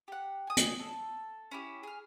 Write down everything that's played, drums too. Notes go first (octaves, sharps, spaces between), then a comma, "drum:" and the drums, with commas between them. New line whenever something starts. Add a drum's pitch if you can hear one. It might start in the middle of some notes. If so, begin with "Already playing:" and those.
G4 F#5
G#5 D#6
drum: hi-hat
A4
C#4 E4 G4
G#4 F6